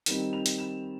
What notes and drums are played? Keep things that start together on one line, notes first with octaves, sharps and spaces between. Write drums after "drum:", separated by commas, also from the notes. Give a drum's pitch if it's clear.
D#3 G3 C4 D#4 E7, drum: hi-hat
F7
drum: hi-hat
E7